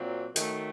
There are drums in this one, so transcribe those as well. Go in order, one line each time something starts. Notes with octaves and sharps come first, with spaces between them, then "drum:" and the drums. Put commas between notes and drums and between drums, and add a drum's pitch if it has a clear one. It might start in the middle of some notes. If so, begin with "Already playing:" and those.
Already playing: A#2 F#3 C4
D#3 F#3 A3, drum: hi-hat